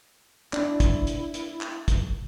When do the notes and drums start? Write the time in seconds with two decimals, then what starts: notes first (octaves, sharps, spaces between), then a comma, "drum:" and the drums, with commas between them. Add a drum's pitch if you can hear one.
0.53 D4 E4, drum: clap
0.80 drum: kick, hi-hat
1.07 drum: hi-hat
1.34 drum: hi-hat
1.61 drum: clap
1.88 drum: kick, hi-hat